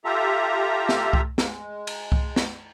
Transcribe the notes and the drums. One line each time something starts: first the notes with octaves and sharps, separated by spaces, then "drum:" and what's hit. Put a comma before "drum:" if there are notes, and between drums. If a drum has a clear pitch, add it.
F4 G4 A4 E5 A#5
drum: snare
drum: kick C2
G#3, drum: snare
drum: cymbal
drum: kick C2
drum: snare